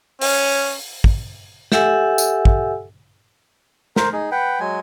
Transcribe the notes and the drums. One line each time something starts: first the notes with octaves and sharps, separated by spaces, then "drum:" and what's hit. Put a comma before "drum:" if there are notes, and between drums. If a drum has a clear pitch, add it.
C#4, drum: open hi-hat
drum: kick
G4 A4 E5 F#5 G#5 E6, drum: snare
drum: tambourine
drum: kick
A#4 C5, drum: snare
D#4 G#4
B4 F#5 G5
F#3 G#3 G#5